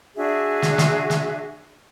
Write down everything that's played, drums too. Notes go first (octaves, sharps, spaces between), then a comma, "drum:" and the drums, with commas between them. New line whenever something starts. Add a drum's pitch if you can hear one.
D4 F#4 G#4 E5
drum: snare
drum: snare
drum: snare